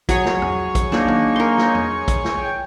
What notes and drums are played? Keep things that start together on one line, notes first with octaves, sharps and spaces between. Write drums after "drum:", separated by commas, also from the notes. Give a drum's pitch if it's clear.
F#3 G#4 C#5, drum: kick, hi-hat
drum: snare
drum: tom E2
drum: kick, hi-hat
A#3 D4 D#4, drum: snare
drum: tom
A#4 C6
drum: snare
drum: tom E2
drum: kick, hi-hat
drum: snare
G5